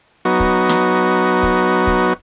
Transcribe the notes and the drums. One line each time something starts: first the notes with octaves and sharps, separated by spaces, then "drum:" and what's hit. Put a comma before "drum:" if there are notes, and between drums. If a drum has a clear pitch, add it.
F#3 B3 D#4 F#4
drum: kick
drum: snare
drum: kick
drum: kick